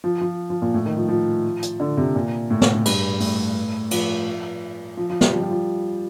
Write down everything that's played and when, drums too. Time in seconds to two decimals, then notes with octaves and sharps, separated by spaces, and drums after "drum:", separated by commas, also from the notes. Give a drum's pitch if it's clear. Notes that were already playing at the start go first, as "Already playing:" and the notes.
0.04 F3
0.21 F3
0.50 F3
0.62 A#2
0.74 A2
0.85 D#3
0.97 F3
1.08 F3
1.63 drum: hi-hat
1.80 D3
1.97 C3
2.15 A#2
2.50 A2
2.62 A2, drum: snare
2.74 A2
2.86 G2, drum: cymbal
3.20 A2, drum: open hi-hat
3.91 F3, drum: cymbal
4.97 F3
5.10 F3
5.21 G3, drum: snare
5.33 F3
5.42 G3
5.51 F3